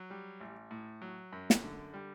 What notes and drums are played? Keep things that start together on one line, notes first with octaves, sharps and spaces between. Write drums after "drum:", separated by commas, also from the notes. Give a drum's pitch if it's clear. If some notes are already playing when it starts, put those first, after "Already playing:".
Already playing: F#3
G3
A1
A2
F#3
F#2
drum: snare
D3
G3